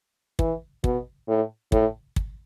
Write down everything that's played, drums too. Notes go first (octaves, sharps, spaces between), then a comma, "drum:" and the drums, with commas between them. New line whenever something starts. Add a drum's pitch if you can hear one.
E3, drum: kick
B2, drum: kick
A2
A2, drum: kick
drum: kick